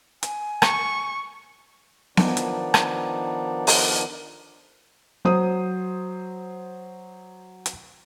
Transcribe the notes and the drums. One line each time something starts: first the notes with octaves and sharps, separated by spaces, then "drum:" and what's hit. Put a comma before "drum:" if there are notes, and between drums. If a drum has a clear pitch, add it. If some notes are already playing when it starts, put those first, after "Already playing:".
G#5, drum: hi-hat
C#6, drum: rim click
D#3 F3 B3 D4 D#4 D5, drum: snare B3
drum: hi-hat
drum: rim click
drum: open hi-hat
F#3 C5 D#6
drum: hi-hat